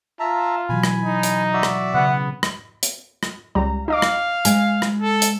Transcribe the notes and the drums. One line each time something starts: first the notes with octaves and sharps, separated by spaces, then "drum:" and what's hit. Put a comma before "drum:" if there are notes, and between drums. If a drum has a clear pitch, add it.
F4 E5 A5 A#5
B2 E3 F#3 G#5 B5
drum: rim click
D#4
drum: hi-hat
F#4 D5 E5
drum: rim click
C#3 B3 F#5
drum: rim click
drum: hi-hat
drum: rim click
C#2 G3 A#5
D#4 D#5 F5 D6
drum: rim click
G#2 G#3 G#5, drum: hi-hat
drum: rim click
A4
drum: hi-hat